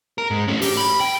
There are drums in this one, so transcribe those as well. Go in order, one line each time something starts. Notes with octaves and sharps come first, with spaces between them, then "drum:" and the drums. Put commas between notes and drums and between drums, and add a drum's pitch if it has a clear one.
A#4
G#2
A3 C#4
G4, drum: open hi-hat
B5
G5